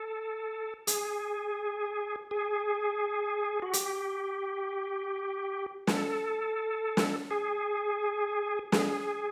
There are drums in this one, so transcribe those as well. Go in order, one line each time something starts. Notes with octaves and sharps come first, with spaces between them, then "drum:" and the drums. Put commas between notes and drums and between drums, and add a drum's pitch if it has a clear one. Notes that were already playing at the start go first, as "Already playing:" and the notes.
Already playing: A4
G#4, drum: hi-hat
G#4
F#4
G4, drum: hi-hat
A4, drum: snare
drum: snare
G#4
G#4, drum: snare